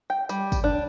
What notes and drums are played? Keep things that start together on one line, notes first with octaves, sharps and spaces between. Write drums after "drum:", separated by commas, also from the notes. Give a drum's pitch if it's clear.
G5
G3, drum: tambourine
drum: kick, tambourine
D4